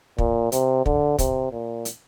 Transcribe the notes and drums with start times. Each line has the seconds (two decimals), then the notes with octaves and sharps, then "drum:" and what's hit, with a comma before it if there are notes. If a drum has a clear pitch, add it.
0.18 A#2, drum: kick
0.52 C3, drum: hi-hat
0.86 D3, drum: kick
1.19 C3, drum: kick, hi-hat
1.52 A#2
1.85 drum: hi-hat